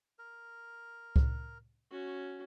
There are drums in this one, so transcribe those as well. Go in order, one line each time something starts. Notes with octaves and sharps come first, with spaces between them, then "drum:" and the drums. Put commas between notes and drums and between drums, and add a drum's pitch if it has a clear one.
A#4
drum: kick C#2
C#4 F#4